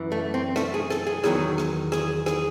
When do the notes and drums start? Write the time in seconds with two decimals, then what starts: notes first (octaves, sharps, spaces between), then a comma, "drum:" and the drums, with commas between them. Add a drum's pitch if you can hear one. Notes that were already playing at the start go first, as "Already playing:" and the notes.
Already playing: F#2 E3
0.12 A3
0.34 C4
0.56 A3, drum: rim click
0.74 G#4
0.90 A4, drum: rim click
1.07 G#4
1.24 E2 D#3 F#3 G#4, drum: rim click
1.58 drum: rim click
1.92 G#4, drum: rim click
2.26 G#4, drum: rim click